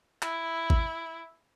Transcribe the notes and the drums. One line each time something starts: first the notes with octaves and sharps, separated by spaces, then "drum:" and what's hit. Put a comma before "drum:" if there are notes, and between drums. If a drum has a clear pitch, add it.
E4, drum: clap
drum: kick A1